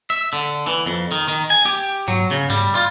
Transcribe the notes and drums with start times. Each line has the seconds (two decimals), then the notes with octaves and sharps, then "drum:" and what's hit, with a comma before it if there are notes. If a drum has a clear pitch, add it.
0.10 E5
0.33 D3
0.67 E3
0.86 F2
1.12 D#3
1.28 D#3
1.50 G#5
1.66 G4
2.08 F#3, drum: tom G2
2.31 C#3
2.50 G3, drum: tom G2
2.75 F4